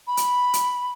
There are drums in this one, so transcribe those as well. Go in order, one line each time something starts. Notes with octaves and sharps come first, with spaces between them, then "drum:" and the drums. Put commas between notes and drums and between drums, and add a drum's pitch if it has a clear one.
B5
drum: hi-hat
drum: hi-hat